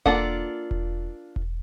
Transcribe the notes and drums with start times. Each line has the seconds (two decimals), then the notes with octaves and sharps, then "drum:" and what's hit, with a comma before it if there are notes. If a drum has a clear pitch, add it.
0.06 A#3 D4 F4 A4 F#5, drum: kick E1
0.71 drum: kick E1
1.36 drum: kick E1